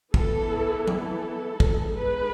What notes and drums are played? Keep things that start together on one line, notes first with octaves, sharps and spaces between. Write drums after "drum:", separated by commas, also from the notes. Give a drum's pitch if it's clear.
E3 B3 E4 A4, drum: kick
A4, drum: tom
G#3 B3 D#4, drum: kick
B4